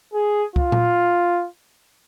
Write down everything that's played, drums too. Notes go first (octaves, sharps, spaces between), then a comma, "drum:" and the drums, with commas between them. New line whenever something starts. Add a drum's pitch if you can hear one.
G#4
F4, drum: kick C#2
drum: tom A#2